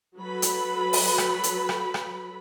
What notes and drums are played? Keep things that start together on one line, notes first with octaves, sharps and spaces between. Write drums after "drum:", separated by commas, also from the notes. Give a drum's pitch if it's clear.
F#3 A4 B4 B5
drum: hi-hat
drum: open hi-hat
drum: rim click
drum: hi-hat
drum: rim click
drum: rim click